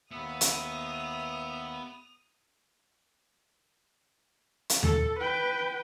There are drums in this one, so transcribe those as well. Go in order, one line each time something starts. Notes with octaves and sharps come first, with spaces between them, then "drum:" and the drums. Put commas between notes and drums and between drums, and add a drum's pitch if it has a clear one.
D#2 B3 E5 D#6 F7
drum: hi-hat
drum: hi-hat
A4, drum: tom D#2
B4 G5